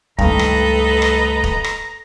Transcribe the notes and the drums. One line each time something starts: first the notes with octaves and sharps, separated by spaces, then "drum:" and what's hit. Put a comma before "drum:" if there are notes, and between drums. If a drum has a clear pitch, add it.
C#2 G2 D#3 A3 A4 B4 D#5 A#5, drum: kick
drum: rim click
drum: rim click
drum: kick
drum: rim click